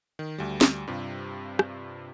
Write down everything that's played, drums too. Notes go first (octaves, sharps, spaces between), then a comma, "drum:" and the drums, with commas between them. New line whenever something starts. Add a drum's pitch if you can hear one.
D#3
D2 G3
drum: snare
G2 C3 F4
drum: rim click